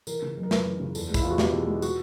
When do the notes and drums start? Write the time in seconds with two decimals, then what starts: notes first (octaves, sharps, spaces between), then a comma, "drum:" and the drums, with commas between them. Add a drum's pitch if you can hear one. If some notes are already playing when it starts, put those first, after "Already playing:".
0.07 E3 A#4, drum: tambourine
0.22 C#3
0.37 F#1
0.43 A#4
0.51 F#2 B4, drum: snare
0.66 E3
0.80 C#3
0.95 E2 A4, drum: tambourine
1.09 G#3
1.14 E4, drum: kick, tambourine
1.22 E2 F4
1.30 F#4
1.38 B2 G4, drum: snare
1.53 E2
1.67 G#3
1.82 F#4, drum: tambourine